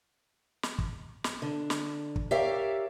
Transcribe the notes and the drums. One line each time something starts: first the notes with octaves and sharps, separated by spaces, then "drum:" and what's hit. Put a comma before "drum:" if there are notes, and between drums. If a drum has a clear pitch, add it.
drum: snare
drum: kick
drum: snare
D3
drum: snare
drum: kick
G4 A#4 C#5 D5 E5 F5